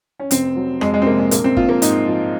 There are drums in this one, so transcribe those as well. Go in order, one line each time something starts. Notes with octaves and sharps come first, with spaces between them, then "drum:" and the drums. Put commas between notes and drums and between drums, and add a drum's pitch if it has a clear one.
C#4
F1 C4, drum: hi-hat
F#3
F2 G#3, drum: rim click
G#3
C4
C3 A#3
G#3
A#1 A#3, drum: hi-hat
C4
A#1 F4, drum: kick G1
A#3
G#2 D#4, drum: hi-hat
F3